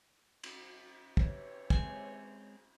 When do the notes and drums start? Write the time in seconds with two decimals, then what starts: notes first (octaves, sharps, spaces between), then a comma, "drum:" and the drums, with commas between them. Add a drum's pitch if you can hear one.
0.43 drum: cymbal
1.17 C3 E3 C#5, drum: kick
1.70 G#3 C4 G#5, drum: kick